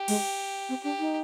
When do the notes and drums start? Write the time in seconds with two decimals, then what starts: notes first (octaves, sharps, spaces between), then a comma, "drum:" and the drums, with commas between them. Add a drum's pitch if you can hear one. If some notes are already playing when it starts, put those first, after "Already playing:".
Already playing: G4
0.08 G#3, drum: cymbal
0.69 C4
0.83 D4 G4
0.99 D#4